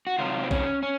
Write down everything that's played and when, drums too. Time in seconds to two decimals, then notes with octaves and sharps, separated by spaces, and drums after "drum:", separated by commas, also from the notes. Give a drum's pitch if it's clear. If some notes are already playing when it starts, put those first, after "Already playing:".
0.07 F#4
0.19 F2 C3 D#3 F#3 F4
0.43 C4
0.51 C#4, drum: kick
0.83 C#4